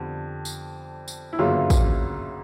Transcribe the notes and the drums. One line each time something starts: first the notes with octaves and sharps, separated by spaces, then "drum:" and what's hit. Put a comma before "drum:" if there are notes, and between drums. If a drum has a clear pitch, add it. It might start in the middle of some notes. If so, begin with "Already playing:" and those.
Already playing: F2 D3 G3 B3 D4
drum: tambourine
drum: tambourine
E4
G1 F#2 C#3 F#3 A#3 F4
drum: kick A1, tambourine